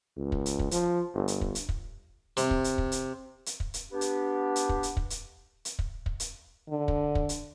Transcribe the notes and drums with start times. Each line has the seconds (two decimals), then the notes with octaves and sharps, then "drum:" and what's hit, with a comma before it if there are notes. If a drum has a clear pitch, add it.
0.17 C#2
0.32 drum: kick
0.46 drum: hi-hat
0.59 drum: kick
0.71 F3, drum: hi-hat
1.14 G1
1.28 drum: hi-hat
1.41 drum: kick
1.55 drum: hi-hat
1.69 drum: kick
2.37 C3, drum: hi-hat
2.51 drum: kick
2.64 drum: hi-hat
2.78 drum: kick
2.92 drum: hi-hat
3.46 drum: hi-hat
3.60 drum: kick
3.74 drum: hi-hat
3.92 B3 D4 G4
4.01 drum: hi-hat
4.56 drum: hi-hat
4.69 drum: kick
4.83 drum: hi-hat
4.97 drum: kick
5.10 drum: hi-hat
5.65 drum: hi-hat
5.79 drum: kick
6.06 drum: kick
6.20 drum: hi-hat
6.69 D3
6.88 drum: kick
7.15 drum: kick
7.29 drum: hi-hat